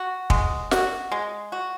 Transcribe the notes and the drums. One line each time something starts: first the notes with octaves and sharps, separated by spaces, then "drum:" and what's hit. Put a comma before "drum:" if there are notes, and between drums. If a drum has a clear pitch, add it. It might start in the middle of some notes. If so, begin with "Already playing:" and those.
Already playing: F#4
G#3, drum: kick
F#4, drum: snare
G#3
F#4